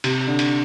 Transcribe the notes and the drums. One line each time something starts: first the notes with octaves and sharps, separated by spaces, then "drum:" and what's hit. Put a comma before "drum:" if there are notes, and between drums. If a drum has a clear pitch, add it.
C3, drum: cymbal
D3
drum: cymbal